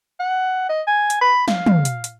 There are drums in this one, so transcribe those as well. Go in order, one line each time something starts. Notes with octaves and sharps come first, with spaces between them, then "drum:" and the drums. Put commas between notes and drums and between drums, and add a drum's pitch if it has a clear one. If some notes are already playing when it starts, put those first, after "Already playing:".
F#5
D#5
G#5
drum: hi-hat
B5
F5, drum: snare
drum: tom
drum: hi-hat
drum: hi-hat